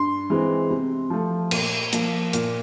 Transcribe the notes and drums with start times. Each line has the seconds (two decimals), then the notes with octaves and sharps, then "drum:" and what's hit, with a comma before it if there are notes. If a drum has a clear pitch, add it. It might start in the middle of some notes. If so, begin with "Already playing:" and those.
Already playing: G2 C6
0.30 E3 G#3 C4
0.71 C3
1.10 F3 A3
1.51 A#2, drum: cymbal
1.93 F3 A#3, drum: hi-hat
2.33 A#2, drum: hi-hat